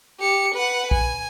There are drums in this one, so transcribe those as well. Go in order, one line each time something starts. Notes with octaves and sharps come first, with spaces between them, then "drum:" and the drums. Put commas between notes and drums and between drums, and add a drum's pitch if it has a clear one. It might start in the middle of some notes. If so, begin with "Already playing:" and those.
G4 C#7
B4 F#5
G#5, drum: kick B1